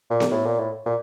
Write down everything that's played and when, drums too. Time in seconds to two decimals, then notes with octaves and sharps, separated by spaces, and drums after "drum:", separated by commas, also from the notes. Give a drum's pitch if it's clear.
0.10 A#2
0.20 drum: snare B3
0.31 A2
0.46 A#2
0.59 A2
0.86 A#2